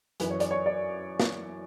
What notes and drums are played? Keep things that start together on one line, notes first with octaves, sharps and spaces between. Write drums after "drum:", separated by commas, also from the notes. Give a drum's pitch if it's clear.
F#2 E3 B4, drum: hi-hat
C#5
D5, drum: hi-hat
C#5
D5
drum: snare